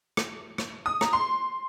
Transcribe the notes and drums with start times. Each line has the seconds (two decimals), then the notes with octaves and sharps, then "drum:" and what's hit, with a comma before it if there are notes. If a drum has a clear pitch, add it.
0.17 drum: rim click
0.58 drum: rim click
0.86 D#6
1.01 A#5, drum: rim click
1.13 C6